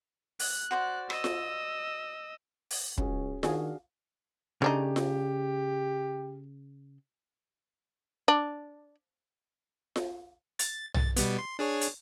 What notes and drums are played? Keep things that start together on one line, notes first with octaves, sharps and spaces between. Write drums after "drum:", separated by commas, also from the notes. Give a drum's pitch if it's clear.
F#6, drum: open hi-hat
F#4 C5 D5
D#5 E6, drum: rim click
drum: snare F4
drum: open hi-hat
C#2 C#4 F#4 G#4, drum: kick
D#3 D4 F#4 G#4 F5, drum: snare F4
C#3 A3 D4 D#4 G4
drum: snare F4
D4
drum: snare F4
A6, drum: hi-hat
A6, drum: tom B1
B2 G3 B3, drum: hi-hat
C6
D4 G#4 C#5
drum: hi-hat